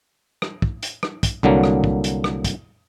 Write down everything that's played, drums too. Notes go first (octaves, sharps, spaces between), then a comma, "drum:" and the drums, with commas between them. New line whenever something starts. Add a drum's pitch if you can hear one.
drum: rim click
drum: kick
drum: hi-hat
drum: rim click
drum: kick, hi-hat
C2 D3 F#3 A#3
drum: rim click
drum: kick
drum: hi-hat
drum: rim click
drum: kick, hi-hat